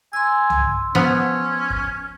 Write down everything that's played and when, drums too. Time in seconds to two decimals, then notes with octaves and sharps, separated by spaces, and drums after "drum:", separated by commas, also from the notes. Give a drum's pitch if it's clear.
0.13 G#5 C6 E6
0.50 drum: tom C2
0.95 F3 B3 C#4
1.70 drum: kick